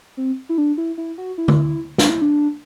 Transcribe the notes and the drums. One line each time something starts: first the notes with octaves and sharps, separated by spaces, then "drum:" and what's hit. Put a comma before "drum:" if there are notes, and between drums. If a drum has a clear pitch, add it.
C4
E4
D4
E4
E4
F#4
E4
drum: tom D3
D4, drum: snare
E4
D4